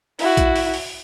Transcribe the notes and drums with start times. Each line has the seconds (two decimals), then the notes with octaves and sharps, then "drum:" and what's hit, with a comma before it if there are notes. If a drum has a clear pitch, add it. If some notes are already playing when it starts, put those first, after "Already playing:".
0.19 E4 F#4, drum: open hi-hat
0.37 drum: kick A#1, hi-hat
0.56 drum: open hi-hat
0.74 drum: open hi-hat